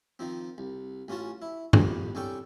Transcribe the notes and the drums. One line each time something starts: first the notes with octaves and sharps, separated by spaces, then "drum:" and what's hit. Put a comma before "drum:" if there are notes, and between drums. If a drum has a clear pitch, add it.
D#3 F3 C4
C2
A1 C#4 F4 F#4 A5
E4
C2 F2 B3, drum: tom G2
C2 C#4 D4 A4 G5 C#6